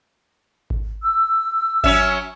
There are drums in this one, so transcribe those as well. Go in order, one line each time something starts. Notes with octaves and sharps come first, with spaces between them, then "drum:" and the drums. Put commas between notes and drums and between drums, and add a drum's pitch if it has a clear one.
drum: kick G#1
E6
F#3 C#4 E5, drum: kick G#1